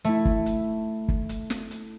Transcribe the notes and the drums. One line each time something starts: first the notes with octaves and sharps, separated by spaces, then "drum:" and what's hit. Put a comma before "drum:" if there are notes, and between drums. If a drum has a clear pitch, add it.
A3 E4, drum: hi-hat
drum: kick
drum: hi-hat
drum: kick
drum: hi-hat
drum: snare
drum: hi-hat